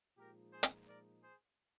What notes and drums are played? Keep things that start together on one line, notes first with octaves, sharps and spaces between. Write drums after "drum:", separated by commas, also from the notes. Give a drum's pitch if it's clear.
A#2 F3 G#3 D#4 G4 A#4
G#4 C5
drum: hi-hat
A#4 D5
G#4 C5